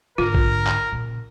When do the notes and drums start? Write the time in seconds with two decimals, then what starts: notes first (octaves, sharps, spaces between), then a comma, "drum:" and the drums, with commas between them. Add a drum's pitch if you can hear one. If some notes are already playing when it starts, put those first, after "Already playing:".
0.18 G#2 D3 F4 A#4
0.34 drum: kick A#1
0.67 drum: clap
0.92 A#2 C#3